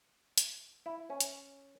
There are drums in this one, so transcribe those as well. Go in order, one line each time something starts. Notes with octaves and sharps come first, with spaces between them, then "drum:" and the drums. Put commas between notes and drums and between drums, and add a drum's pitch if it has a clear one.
drum: hi-hat
E4
C#4
drum: hi-hat